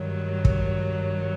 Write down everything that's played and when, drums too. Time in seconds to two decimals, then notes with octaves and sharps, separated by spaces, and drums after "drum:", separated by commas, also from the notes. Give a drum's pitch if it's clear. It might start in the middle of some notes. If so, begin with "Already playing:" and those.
Already playing: G2 D#3 F#3
0.45 drum: kick